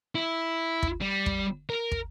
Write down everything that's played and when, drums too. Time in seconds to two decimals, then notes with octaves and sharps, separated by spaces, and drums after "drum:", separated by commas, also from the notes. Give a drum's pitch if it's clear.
0.15 E4
0.83 drum: kick
1.01 G3
1.26 drum: kick
1.70 A#4
1.91 drum: kick